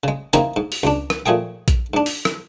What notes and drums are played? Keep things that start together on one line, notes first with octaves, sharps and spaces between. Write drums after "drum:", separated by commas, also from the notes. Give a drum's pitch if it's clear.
C#3 G#3
C#3 E3 A#3 C4 D#4, drum: hi-hat
G#2
drum: open hi-hat
C#2 D4
drum: rim click
A#2 F3 A3 G#4 G5
drum: kick A#1, hi-hat
G#2 D4
drum: open hi-hat
drum: rim click